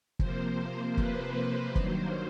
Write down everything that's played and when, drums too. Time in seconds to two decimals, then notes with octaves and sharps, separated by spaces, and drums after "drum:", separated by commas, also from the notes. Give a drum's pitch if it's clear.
0.19 C3 F3 A#3 C5, drum: kick
0.97 B4, drum: kick
1.75 G2 D#3 F#3 A#3 C5, drum: kick